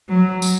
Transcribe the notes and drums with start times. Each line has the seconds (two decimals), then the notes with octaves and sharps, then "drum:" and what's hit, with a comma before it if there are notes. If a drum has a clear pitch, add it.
0.09 F#3
0.42 drum: tambourine